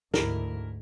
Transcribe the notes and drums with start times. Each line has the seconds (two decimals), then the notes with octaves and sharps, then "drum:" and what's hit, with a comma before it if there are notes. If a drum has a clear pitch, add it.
0.14 D2 G#2 E4 A#4, drum: snare